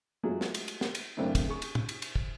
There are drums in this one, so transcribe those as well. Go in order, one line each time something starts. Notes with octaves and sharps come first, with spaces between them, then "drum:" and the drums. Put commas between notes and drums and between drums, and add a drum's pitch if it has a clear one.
F#3 G#3 A3 F4 G#4
drum: snare
drum: cymbal
drum: cymbal
drum: snare
drum: cymbal
F#2 A2 C#3 A3 C4 D4
drum: kick, cymbal
G#4 C#6
drum: cymbal
drum: tom
drum: cymbal
drum: cymbal
drum: kick